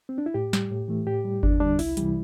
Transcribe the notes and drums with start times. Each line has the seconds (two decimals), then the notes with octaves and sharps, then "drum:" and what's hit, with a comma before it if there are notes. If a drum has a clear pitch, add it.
0.09 C4
0.18 D4
0.26 E4
0.34 A2 G4
0.53 G3, drum: snare
0.71 A2
0.88 E3 A3
1.06 A2 G4
1.25 G3
1.43 E2 D4, drum: kick G1
1.60 D3 G3 D4
1.79 C2 E4, drum: open hi-hat
1.97 C3 E3 G3, drum: hi-hat